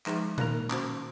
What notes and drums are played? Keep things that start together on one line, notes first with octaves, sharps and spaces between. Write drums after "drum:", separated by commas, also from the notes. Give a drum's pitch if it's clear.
F3 G#3 D#4 G#4, drum: clap
D#3 A#3 D#4 A#4, drum: tom A#2
C#4 F#4 C5, drum: clap